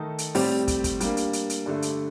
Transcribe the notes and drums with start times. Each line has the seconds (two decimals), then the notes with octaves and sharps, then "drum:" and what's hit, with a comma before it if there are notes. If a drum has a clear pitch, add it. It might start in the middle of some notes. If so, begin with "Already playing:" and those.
Already playing: D#3 A3 D#4 A4
0.18 drum: hi-hat
0.35 A2 G3 C4 G4 D5, drum: open hi-hat
0.68 drum: kick, hi-hat
0.84 drum: kick, hi-hat
1.00 G3 A#3 D4, drum: hi-hat
1.17 drum: hi-hat
1.33 drum: hi-hat
1.50 drum: hi-hat
1.66 G2 D3 A3
1.82 drum: hi-hat